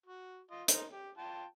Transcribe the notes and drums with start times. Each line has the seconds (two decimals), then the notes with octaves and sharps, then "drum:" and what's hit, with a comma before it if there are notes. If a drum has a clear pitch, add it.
0.06 F#4
0.51 F4 D#5
0.68 D#4 A#4 C5, drum: hi-hat
0.93 G4
1.18 F4 G5 A5